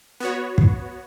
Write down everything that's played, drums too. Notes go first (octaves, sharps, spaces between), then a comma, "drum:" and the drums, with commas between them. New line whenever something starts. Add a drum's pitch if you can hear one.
B3 F#4 C#5
drum: kick